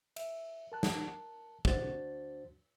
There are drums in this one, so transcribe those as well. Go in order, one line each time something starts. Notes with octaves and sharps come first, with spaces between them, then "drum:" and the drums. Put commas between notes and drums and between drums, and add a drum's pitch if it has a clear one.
E5, drum: cymbal
A#4 A5 F#6
drum: snare
D2 D4 F#4 C5 A6, drum: kick